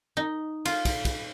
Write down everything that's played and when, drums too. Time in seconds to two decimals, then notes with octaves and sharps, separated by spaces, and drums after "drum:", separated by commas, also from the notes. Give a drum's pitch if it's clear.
0.17 D#4
0.65 F4, drum: cymbal
0.85 drum: kick, cymbal
1.05 drum: kick, cymbal